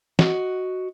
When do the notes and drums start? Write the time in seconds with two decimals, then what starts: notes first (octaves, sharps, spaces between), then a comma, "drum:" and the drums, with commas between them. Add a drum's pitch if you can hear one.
0.19 F#4 D#5, drum: snare